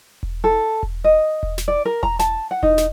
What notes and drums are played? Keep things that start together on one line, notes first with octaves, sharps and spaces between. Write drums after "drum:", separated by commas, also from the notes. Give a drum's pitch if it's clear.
drum: kick E1
A4
drum: kick E1
D#5
drum: kick E1
drum: snare
D5
A#4
A#5, drum: kick E1
A5, drum: snare
F#5
D#4, drum: kick E1
drum: snare